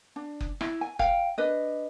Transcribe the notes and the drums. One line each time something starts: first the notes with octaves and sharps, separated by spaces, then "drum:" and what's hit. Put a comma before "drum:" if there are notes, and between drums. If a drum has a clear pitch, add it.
D4
drum: kick F#1
E4, drum: rim click
G#5
F5 G5, drum: kick F#1
D4 B4 D#5